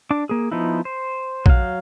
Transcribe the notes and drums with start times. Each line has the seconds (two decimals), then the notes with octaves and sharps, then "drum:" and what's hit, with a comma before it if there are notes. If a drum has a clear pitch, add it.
0.11 D4 D6
0.29 A#3 G#4
0.51 F3 B3 D#4 E4
0.85 C5
1.46 F#3 F5, drum: kick A#1